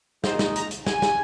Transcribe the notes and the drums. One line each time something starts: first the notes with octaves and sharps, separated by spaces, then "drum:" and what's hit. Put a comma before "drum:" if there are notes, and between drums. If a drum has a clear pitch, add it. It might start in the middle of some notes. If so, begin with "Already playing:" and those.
A#2 G#3 D#4 C5, drum: snare
drum: snare
A#5, drum: hi-hat
drum: hi-hat
G#5, drum: snare
drum: snare